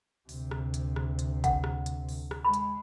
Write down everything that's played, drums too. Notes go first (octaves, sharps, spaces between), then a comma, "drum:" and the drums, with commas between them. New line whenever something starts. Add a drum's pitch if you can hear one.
D2 C3, drum: open hi-hat
drum: rim click
drum: hi-hat
drum: rim click
drum: hi-hat
F#5, drum: kick G#1, hi-hat
drum: rim click
drum: hi-hat
drum: open hi-hat
drum: rim click
G#3 B5
drum: hi-hat